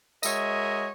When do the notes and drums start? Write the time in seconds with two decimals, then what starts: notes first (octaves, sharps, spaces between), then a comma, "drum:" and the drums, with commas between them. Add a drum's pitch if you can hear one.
0.23 G#3 F#4 A#4 C#5 D#5 E5, drum: tambourine